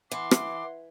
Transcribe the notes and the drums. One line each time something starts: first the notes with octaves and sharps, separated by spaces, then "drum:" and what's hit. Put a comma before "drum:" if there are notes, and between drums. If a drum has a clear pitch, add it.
E3 F#5 C6 D6
drum: rim click